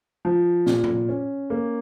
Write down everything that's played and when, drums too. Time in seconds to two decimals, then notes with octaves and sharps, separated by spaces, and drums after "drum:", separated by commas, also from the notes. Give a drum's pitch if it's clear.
0.25 F3
0.66 A#2, drum: snare
0.84 drum: tom A2
1.09 C#4
1.50 A#3